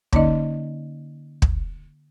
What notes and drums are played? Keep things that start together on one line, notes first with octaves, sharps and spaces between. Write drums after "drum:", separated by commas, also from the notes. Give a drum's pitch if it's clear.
D3 A#3 C#4 D#4 D5 D#5, drum: kick
drum: kick